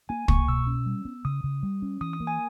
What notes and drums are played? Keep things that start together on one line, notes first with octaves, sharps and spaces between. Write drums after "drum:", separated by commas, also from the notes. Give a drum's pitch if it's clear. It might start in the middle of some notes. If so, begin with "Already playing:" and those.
A#3 G#5
A#3 C#6, drum: kick
B2 E6
C#4
G3
B3
C#3 D#6
C#3
G3
C#4
E3 D#6
D#6
A#3
G#5